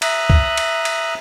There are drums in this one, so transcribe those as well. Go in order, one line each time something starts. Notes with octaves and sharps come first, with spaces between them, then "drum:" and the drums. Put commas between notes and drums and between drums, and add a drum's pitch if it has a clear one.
E5 A#5 D#6 F#6, drum: cymbal
drum: kick C#2
drum: cymbal
drum: cymbal